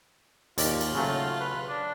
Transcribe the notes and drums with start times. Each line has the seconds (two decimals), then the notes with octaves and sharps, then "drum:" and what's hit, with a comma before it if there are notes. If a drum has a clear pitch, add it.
0.58 D#2 F4 D5, drum: hi-hat
0.81 drum: cymbal
0.95 C#3 F#3 A3
1.40 B4
1.68 D4